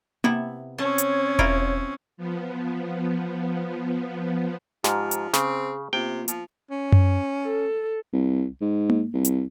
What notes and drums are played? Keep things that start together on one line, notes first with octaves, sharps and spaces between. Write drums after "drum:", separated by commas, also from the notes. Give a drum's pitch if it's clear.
C3 B3 E4, drum: tom A#3
C4 C#4 C#5 A5
drum: hi-hat
E4 F4 A#4, drum: kick E1
F3 B3
G#2 F3 G4 A#5 F6, drum: snare
drum: hi-hat
C#3 C4 G#4, drum: snare
C3 A#3 B3 F4 G5
F3, drum: hi-hat
C#4
drum: tom F#2
A4
C2
G#2
drum: tom A#3
C2
drum: hi-hat